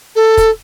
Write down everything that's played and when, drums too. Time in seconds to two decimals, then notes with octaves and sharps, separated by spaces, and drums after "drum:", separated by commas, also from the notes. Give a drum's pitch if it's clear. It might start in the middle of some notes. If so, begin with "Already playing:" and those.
0.16 A4
0.37 drum: kick, hi-hat